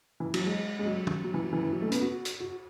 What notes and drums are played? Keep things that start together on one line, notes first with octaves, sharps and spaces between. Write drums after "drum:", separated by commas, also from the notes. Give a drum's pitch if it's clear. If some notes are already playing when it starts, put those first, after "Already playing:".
E3
F#3, drum: cymbal
G#3
G#3
F#3
drum: tom
F#3
E3
F#3
E3
E3
F#3
A3
C#4
B3, drum: hi-hat
F#4
drum: hi-hat
F#4